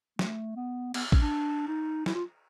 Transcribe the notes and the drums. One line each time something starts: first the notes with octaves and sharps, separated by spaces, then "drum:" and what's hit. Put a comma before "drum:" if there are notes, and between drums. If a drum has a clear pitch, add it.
A3, drum: snare
B3
B3, drum: cymbal
C#4, drum: kick
D4
D#4
E4, drum: snare
F4